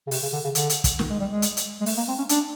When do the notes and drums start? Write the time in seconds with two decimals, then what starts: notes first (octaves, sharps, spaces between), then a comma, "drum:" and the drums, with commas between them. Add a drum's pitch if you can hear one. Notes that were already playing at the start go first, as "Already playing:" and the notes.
0.07 C#3
0.11 C3, drum: open hi-hat
0.23 C#3
0.33 D3
0.44 C#3
0.55 D3, drum: hi-hat
0.69 drum: hi-hat
0.84 drum: kick, hi-hat
0.99 D#3, drum: snare
1.10 G#3
1.20 G3
1.31 G#3
1.42 drum: hi-hat
1.57 drum: hi-hat
1.81 G#3
1.86 A3, drum: open hi-hat
1.97 A#3
2.08 C4
2.18 C#4
2.29 D4, drum: hi-hat